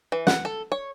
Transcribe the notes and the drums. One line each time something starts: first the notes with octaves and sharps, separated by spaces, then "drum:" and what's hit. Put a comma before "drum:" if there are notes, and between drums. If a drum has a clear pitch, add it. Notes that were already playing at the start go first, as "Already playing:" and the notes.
E3
F#5, drum: snare
A4
C#5